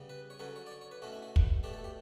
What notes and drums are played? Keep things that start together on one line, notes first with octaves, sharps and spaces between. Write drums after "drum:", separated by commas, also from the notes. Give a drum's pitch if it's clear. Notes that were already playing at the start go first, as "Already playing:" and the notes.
Already playing: C#3 G3 B3
B4
C#5
D3 F#3 C#4 B4
C#5
D5
C#5
C#5
B4
B2 A3 C#4 F#4
E4
F#4
drum: kick
B2 A3 D4 G4
A4
G4